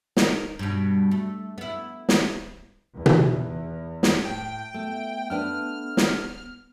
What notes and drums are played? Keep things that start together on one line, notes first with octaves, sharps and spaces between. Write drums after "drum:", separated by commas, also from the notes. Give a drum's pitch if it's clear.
D#4 A#4, drum: snare
G2 B2
A3
B3 E4
drum: snare
E2
drum: tom B2
drum: snare
A2 G5
A3 B3
A3 D4 B4 F6
drum: snare